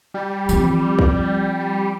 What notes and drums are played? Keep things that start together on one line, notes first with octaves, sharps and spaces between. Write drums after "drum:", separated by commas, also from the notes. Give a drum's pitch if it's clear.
G3
F3 C4, drum: tambourine
drum: tom D#3
drum: kick